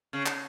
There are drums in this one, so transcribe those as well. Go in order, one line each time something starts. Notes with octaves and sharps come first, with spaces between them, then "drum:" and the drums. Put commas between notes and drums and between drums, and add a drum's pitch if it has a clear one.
C#3
drum: clap